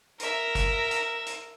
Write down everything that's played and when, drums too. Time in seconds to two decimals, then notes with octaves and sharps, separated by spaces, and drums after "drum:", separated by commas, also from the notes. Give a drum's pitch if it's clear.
0.20 A#4 E5, drum: hi-hat
0.55 drum: kick, hi-hat
0.91 drum: hi-hat
1.26 drum: hi-hat